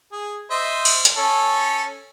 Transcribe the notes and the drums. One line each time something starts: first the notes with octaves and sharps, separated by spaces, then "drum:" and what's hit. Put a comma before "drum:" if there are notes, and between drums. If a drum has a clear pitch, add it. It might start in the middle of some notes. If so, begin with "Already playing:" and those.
G#4
C5 D#5 E5
drum: cymbal
drum: hi-hat
C#4 A4 C#5